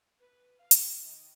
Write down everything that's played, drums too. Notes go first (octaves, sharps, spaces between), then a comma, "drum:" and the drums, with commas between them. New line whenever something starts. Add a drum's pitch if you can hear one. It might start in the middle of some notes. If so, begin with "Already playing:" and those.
B4
F5
drum: hi-hat
D#3